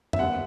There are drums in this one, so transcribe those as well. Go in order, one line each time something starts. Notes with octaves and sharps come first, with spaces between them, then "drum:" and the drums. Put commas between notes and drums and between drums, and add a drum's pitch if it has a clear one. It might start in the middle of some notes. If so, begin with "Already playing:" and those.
E5, drum: tom F#2
D#2 D#3 G3 B3 F#5